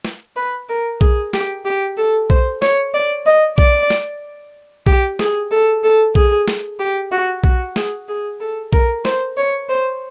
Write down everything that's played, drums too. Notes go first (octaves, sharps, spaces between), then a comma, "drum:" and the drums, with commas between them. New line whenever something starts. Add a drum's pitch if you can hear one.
drum: snare
B4
A#4
G#4, drum: kick B1
G4, drum: snare
G4
A4
C5, drum: kick B1
C#5, drum: snare
D5
D#5
D5, drum: kick B1
drum: snare
G4, drum: kick B1
G#4, drum: snare
A4
A4
G#4, drum: kick B1
drum: snare
G4
F#4
F#4, drum: kick B1
G#4, drum: snare
G#4
A4
A#4, drum: kick B1
C5, drum: snare
C#5
C5